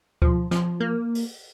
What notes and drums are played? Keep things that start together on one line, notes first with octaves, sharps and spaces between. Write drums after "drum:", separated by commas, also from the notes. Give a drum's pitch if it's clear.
F3, drum: kick D2
F3, drum: snare
A#3
drum: open hi-hat